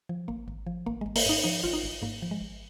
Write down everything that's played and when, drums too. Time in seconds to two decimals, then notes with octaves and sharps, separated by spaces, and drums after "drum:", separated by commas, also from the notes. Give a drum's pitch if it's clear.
0.09 F3
0.28 G#1 A#3
0.48 G#1
0.67 F3
0.86 G#1 A#3
1.01 G#3
1.06 G#1
1.16 A#3, drum: open hi-hat
1.26 G#2 D#4
1.44 F3 D#4
1.64 G#1 F4
1.73 D#4
1.84 G#1
2.02 G#2 A#3
2.22 F3
2.31 G#3
2.41 G#1